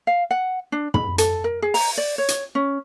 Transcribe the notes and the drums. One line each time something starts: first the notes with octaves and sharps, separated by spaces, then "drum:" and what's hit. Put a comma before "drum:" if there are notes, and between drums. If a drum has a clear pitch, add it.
F5
F#5
D4
B5, drum: tom
A4, drum: hi-hat
A#4
G#4
A#5, drum: open hi-hat
D5
C#5
drum: hi-hat
C#4